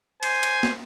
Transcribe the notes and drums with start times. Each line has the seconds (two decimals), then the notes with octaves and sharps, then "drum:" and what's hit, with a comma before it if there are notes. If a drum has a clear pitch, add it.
0.23 C5 G#5, drum: cymbal
0.43 drum: cymbal
0.63 drum: snare